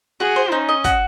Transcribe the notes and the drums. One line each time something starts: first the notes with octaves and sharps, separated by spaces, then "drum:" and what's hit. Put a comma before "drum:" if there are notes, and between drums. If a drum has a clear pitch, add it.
F#4 G#4
C5
C#4 D#4
D#5
F#4, drum: kick, hi-hat